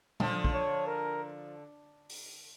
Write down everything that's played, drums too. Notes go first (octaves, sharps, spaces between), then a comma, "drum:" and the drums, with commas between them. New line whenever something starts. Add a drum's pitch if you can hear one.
D3 F3, drum: tom A#2
drum: kick
C#5
A#4
drum: open hi-hat